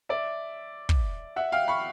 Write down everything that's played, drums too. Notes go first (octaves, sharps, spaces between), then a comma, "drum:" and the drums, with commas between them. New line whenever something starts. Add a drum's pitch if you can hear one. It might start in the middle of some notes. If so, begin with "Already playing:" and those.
D5 E5
drum: kick
E5 F#5
F5 G5
B5 C#6